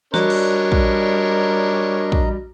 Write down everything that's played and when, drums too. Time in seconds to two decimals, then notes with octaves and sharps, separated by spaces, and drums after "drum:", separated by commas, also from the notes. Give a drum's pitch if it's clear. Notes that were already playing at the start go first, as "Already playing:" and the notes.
0.14 G3 D4 F#4 A#4 C#5 D#5 A#5, drum: snare
0.30 drum: cymbal
0.72 drum: kick
2.12 drum: kick